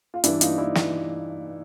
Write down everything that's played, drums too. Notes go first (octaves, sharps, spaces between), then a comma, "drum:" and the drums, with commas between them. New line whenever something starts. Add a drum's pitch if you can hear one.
F4
G2 E3 D4 E4, drum: hi-hat
D#4 F4, drum: hi-hat
D4 E4
E3, drum: snare